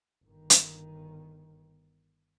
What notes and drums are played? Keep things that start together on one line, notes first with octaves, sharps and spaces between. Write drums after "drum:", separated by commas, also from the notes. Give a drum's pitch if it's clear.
G1 D#3
drum: hi-hat